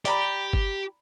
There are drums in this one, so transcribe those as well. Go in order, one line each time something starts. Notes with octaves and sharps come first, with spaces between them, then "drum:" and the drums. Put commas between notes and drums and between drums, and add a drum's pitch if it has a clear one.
G4 D5 A#5 B5, drum: hi-hat
drum: kick G1